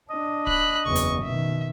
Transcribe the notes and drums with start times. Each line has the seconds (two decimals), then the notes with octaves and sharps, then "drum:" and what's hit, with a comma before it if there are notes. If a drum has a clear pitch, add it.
0.10 D4 D#5
0.47 B5 F#6, drum: kick D1
0.86 F#1 E2 C#6
0.95 drum: hi-hat
1.23 B2 D#3 E5